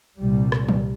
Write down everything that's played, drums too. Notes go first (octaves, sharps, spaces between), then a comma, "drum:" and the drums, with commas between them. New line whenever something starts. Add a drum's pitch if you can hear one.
C2 A#2 G3
drum: rim click
drum: tom D#3